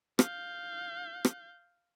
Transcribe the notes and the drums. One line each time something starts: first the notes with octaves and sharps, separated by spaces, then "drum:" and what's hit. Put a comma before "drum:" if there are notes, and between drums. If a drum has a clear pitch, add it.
F5 G6, drum: rim click
drum: rim click